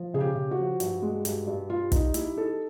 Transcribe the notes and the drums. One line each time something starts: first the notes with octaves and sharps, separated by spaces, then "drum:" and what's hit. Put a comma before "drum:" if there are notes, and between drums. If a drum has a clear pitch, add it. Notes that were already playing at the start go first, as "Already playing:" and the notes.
Already playing: F3
C#3 G#4
G4
C#3
F#4
F3
G2, drum: hi-hat
G#3
G2, drum: hi-hat
G2
G3 F4
D#4, drum: kick, hi-hat
G3 E4, drum: hi-hat
D#4 A4